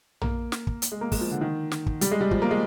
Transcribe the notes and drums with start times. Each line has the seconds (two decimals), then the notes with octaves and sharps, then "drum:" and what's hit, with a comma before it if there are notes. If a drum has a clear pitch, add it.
0.22 A#3, drum: tom A#1
0.52 drum: snare
0.67 drum: kick
0.82 drum: hi-hat
0.92 G#3
1.01 A#3
1.12 G#3, drum: kick, open hi-hat
1.21 F3
1.31 D3
1.41 D#3
1.72 drum: snare
1.86 drum: kick
2.01 G3, drum: hi-hat
2.11 G#3
2.21 G3
2.31 F3, drum: kick
2.42 A#3
2.51 G#3